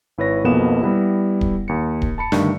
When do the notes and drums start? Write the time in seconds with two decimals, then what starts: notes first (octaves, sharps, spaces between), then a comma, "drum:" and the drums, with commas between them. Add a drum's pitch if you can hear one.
0.18 G#1 E4 B4 C#5 A#6
0.44 B1 F2 B2 A#3 B3 E7
0.81 G3 B3 E4 G4
1.41 drum: kick D1
1.68 D#2 C#7
2.02 drum: kick D1
2.18 A5 B5 C#7
2.32 G2 D3 D#3 A3, drum: snare